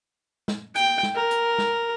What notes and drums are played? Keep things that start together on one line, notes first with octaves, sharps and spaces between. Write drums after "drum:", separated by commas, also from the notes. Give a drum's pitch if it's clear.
drum: snare
G5, drum: hi-hat
drum: snare
A#4
drum: hi-hat
drum: snare